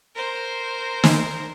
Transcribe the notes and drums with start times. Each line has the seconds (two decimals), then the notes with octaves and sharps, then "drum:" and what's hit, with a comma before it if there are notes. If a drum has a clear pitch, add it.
0.15 A#4 C5
1.04 drum: snare